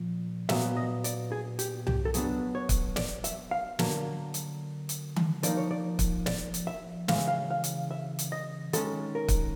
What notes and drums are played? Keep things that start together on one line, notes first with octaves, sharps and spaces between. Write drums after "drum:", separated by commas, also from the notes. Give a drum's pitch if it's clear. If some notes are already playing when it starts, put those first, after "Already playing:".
Already playing: A#2 F3
A#2 F#3 B3 E5, drum: snare
D#5
D5, drum: hi-hat
G#4
G4, drum: hi-hat
G4, drum: tom C2
A4
F#3 B3 D4 G#4, drum: hi-hat
C#5
drum: kick, hi-hat
D5, drum: snare
E5, drum: hi-hat
F5
D3 F#3 A#3, drum: snare
drum: hi-hat
drum: hi-hat
drum: tom D#3
F3 A#3 D#4 D5, drum: hi-hat
C#5
D5
drum: kick, hi-hat
D5, drum: snare
drum: hi-hat
E5
C#3 E3 G#3 F5, drum: snare
E5
F5
F5
drum: hi-hat
E5
drum: hi-hat
D#5
D#3 G#3 C#4 A4, drum: hi-hat
A#4
drum: kick, hi-hat